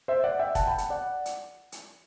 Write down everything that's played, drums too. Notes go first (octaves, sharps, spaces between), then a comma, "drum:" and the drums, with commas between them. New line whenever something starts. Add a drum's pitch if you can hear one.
C5 E5
D5 F#5
E5 G5
F#5 A5, drum: kick F1, hi-hat
G5 B5
F#5 A5, drum: hi-hat
D5 F#5
drum: hi-hat
drum: hi-hat